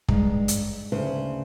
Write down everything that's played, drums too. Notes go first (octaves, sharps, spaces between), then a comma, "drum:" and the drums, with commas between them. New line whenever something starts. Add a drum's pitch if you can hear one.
G2 G#3 A#5, drum: kick
drum: hi-hat
D2 C#3 B4 C5